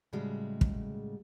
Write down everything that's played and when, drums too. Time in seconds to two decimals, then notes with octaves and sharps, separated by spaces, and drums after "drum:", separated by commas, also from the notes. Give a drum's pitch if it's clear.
0.13 A2 C#3 G3 G#3 F#4
0.61 drum: kick